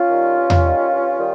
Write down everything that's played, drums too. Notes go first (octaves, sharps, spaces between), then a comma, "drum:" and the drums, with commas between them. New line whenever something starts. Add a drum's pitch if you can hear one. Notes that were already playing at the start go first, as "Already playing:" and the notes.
Already playing: C#4 F4
D#3 G3
G2
drum: tom E2
D#3 G3
G2
D#3 G3